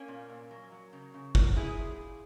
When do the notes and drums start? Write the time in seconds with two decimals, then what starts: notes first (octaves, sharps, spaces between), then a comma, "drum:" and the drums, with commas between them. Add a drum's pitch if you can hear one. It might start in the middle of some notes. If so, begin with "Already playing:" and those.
Already playing: A#3 C#4
0.08 A#2
0.29 A#2
0.51 F#3
0.72 F#3
0.93 C#3
1.14 C#3
1.35 F#3, drum: kick
1.56 F#3 E4 G#4
1.77 A#2
1.98 A#2